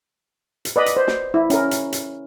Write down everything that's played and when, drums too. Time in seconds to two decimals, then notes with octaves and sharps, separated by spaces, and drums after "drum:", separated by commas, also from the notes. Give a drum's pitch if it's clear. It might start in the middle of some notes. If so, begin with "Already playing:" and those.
0.65 drum: hi-hat
0.76 B4 D5 D#5 B5
0.86 drum: hi-hat
0.97 C5
1.07 drum: snare
1.34 E4
1.50 C#4 A#4, drum: hi-hat
1.71 drum: hi-hat
1.92 drum: hi-hat